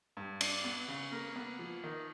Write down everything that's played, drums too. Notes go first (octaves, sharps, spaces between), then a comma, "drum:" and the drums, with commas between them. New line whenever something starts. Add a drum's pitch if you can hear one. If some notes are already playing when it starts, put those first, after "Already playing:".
G2
D4, drum: cymbal
B3
C#3
A#3
B3
F3
D#3